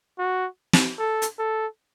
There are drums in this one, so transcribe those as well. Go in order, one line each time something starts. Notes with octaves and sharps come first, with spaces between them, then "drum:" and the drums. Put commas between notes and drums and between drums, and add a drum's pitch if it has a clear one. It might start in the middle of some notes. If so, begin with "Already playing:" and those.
F#4
drum: snare
A4
drum: hi-hat
A4